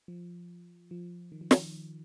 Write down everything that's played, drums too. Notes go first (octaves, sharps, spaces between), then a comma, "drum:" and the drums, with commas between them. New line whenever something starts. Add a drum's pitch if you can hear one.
F3
F3
D#3
F3
D#3, drum: snare